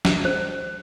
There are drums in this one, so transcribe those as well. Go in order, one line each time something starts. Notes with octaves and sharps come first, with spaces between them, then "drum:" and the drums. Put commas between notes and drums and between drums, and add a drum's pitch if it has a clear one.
drum: snare
C5